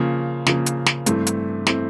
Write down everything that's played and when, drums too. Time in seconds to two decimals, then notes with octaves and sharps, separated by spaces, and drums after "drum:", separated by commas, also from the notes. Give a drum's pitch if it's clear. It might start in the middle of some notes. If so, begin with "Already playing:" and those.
Already playing: C#3 F3 A#3
0.46 C#3 F3 A#3, drum: snare
0.66 drum: hi-hat
0.86 drum: snare
1.06 G2 E3 A3 C4, drum: hi-hat
1.27 drum: hi-hat
1.67 E3 A3 C4, drum: snare